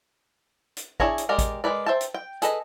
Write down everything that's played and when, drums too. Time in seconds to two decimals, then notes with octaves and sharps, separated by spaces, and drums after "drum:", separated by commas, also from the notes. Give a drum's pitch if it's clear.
0.77 drum: hi-hat
1.00 D4 E4 G#4 C#5 A#5, drum: kick A1
1.18 drum: hi-hat
1.29 G#3 G4 A#4 D5
1.39 drum: kick A1, hi-hat
1.64 G#3 A#4 B4 D5
1.86 C5 E5 G5 A5
2.01 drum: hi-hat
2.14 G5
2.42 G#4 A4 B4 D#5, drum: hi-hat